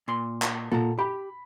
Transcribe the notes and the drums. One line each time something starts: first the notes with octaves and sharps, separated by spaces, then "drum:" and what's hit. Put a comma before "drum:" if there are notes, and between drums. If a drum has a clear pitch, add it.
A#2 C6
drum: clap
A#2 A4 F#5 A#5
G4 B5